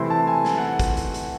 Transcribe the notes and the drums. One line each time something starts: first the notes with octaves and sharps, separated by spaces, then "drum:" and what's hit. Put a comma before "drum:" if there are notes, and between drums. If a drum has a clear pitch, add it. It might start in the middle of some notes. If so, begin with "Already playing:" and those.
Already playing: C3 E3 A3 C4 E4 C6
A5
G#5
drum: snare
F#5
drum: kick, hi-hat
drum: hi-hat
drum: hi-hat